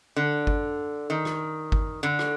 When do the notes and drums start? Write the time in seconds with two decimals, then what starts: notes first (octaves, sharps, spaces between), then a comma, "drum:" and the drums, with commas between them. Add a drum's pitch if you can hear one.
0.16 D3
0.47 drum: kick G1
1.10 D#3
1.25 drum: rim click
1.72 drum: kick G1
2.03 D3
2.19 drum: rim click